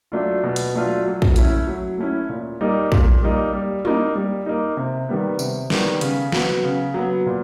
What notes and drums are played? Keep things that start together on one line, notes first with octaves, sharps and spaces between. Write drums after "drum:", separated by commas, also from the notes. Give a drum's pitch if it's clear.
F#3 A3 D4 F4
B2
drum: hi-hat
F#3 A3 D4 F4
F#3
drum: kick
A3 C#4 E4, drum: hi-hat
F#3
A3 C#4 E4
A#2
G3 A#3 D#4
A#2, drum: kick
G3 A#3 D#4
G3
A#3 D#4, drum: tom
G3
A#3 D#4
C3
D#3 G3 B3
C3, drum: tambourine
D#3 G3 B3, drum: snare
C#3, drum: hi-hat
F#3 B3, drum: snare
C#3
F#3 B3
A#2